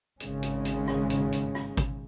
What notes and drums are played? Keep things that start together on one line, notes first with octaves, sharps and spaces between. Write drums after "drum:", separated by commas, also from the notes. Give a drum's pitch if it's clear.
G#1 C#3 G#3 C#4, drum: hi-hat
drum: hi-hat
drum: hi-hat
drum: rim click
drum: hi-hat
drum: hi-hat
drum: rim click
drum: kick G#1, hi-hat